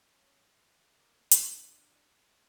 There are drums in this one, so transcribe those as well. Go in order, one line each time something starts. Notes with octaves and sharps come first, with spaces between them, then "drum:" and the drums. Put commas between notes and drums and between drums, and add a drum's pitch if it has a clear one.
C#4
E3
A#3
D4, drum: hi-hat